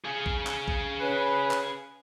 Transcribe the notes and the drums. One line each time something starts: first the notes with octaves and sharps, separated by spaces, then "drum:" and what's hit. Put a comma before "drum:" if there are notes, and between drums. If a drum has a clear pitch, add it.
G#4 F5
drum: kick A#1
drum: clap
drum: kick A#1
C#4 B4
drum: clap